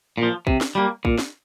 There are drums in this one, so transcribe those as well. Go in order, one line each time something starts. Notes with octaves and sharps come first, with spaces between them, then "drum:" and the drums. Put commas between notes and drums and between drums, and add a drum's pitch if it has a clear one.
A#2
F3
C3, drum: kick
drum: snare
G3 A#3
A#2, drum: kick
drum: snare